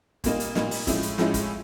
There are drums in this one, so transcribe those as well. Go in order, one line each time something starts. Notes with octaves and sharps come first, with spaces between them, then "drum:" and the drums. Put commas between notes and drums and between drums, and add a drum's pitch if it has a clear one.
A#2 G3 A#3 D#4, drum: kick, hi-hat
drum: hi-hat
A#2 G3 A#3 D#4, drum: snare
drum: open hi-hat
A2 F3 G#3 C#4 E4, drum: kick, hi-hat
drum: hi-hat
A2 F3 G#3 C#4 E4, drum: snare
drum: kick, hi-hat